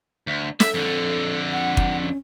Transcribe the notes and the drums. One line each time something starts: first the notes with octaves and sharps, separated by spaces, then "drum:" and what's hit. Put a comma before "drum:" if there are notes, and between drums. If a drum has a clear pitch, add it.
D2
A4 E5, drum: snare
F2 D3
F#5
drum: kick
C#4